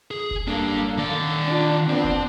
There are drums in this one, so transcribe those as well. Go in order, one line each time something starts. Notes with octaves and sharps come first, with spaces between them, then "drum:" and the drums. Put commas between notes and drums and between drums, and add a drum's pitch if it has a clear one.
G#4
drum: kick F1
G3 A#3 D4 A4
D#3 D5
D4 F4
B3 C4 D4
drum: kick F1